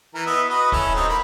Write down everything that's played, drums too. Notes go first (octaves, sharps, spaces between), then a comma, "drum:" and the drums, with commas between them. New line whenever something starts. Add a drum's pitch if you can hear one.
E3 A#4
B3 D#5 E5
F#4 B4 D#5
C#4 E4 A4, drum: kick
F#3 C4 D#4
A#3 B5